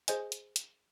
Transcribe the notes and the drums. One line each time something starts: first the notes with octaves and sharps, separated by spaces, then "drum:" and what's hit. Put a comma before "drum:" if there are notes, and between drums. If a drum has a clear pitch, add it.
G#4 C5 D#5 G#5, drum: hi-hat
drum: hi-hat
drum: hi-hat